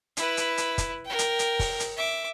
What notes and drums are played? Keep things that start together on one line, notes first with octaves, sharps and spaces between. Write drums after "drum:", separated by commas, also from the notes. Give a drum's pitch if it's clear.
E4 B4, drum: hi-hat
drum: hi-hat
drum: hi-hat
drum: kick, hi-hat
A#4 G5
drum: hi-hat
drum: hi-hat
drum: kick, open hi-hat
drum: hi-hat
E5 D6